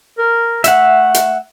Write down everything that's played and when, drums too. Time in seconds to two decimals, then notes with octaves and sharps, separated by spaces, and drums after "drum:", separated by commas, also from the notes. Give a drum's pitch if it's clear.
0.18 A#4
0.64 A3 E5 F#5, drum: hi-hat
1.14 drum: hi-hat